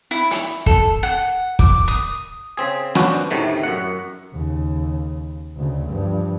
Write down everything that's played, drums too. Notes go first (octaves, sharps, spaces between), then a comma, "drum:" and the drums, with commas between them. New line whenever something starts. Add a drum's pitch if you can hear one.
E4
drum: hi-hat
A4, drum: kick
F#5
D6, drum: kick
D#6
C#3 C4 G#4
B3 C#4 D4 F#4 C5, drum: rim click
D2 A2 C3 D#3 A3
F#2 F#5
D#2 C#3
D2 C#3
G2 F3